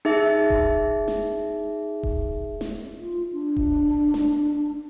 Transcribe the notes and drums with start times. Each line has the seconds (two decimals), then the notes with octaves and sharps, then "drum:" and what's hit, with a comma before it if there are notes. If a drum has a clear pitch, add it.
0.05 D#4 G#4 E5
0.50 drum: kick D#1
1.08 drum: snare
2.03 drum: kick D#1
2.61 drum: snare
2.99 F4
3.32 D4
3.57 drum: kick D#1
4.14 drum: snare